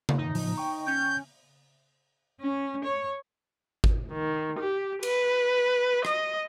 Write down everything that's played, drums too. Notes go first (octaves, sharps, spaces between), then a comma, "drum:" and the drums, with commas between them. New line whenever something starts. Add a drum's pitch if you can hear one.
drum: tom C#3
G2 D#3 D#4
A2 F3, drum: open hi-hat
G5 C#6
C#4 G6
C#4
C#5
drum: kick G#1
D#3
G4
B4, drum: cymbal
D#5, drum: rim click